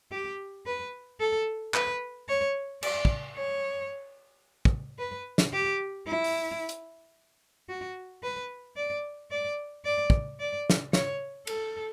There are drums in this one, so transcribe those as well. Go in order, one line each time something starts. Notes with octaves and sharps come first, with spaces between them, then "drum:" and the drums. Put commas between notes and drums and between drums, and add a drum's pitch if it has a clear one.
G4
B4
A4
B4, drum: clap
C#5
D5, drum: cymbal
drum: kick
C#5
drum: kick
B4
drum: snare
G4
E4
drum: open hi-hat
drum: hi-hat
F#4
B4
D5
D5
D5
drum: kick
D5
drum: snare
C#5, drum: snare
A4, drum: cymbal